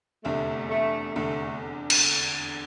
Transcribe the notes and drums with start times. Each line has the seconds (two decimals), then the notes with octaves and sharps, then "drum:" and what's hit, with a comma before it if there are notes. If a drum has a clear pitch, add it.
0.24 F1 E2 D3 A3
0.70 A3
1.15 F1 E2 D3 A3
1.90 drum: cymbal